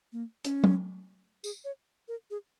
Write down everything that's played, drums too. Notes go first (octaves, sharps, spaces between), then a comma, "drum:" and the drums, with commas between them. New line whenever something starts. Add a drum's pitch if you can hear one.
A#3
C#4, drum: hi-hat
drum: tom F#3
G#4, drum: tambourine
C#5
A#4
G#4